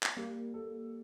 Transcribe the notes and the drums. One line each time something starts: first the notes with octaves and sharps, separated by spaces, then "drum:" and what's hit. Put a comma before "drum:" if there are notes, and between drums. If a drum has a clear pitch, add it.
drum: clap
G3 A#3
A4